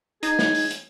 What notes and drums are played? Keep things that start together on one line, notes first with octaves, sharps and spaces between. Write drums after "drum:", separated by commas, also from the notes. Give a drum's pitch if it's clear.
D#4 G#4, drum: hi-hat
drum: snare
drum: open hi-hat
drum: hi-hat